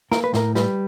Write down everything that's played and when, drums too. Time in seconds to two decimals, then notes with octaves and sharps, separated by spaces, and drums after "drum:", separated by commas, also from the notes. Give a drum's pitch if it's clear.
0.11 A#3 A#4, drum: snare
0.24 B4
0.34 A2 A#4, drum: snare
0.55 G3 B4, drum: snare